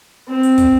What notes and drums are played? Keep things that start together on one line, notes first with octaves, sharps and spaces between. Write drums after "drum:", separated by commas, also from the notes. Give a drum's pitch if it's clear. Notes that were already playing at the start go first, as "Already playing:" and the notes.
C4
drum: hi-hat
drum: kick, hi-hat